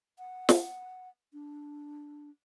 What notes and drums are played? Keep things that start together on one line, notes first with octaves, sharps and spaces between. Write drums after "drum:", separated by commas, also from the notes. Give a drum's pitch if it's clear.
F#5
drum: snare
D4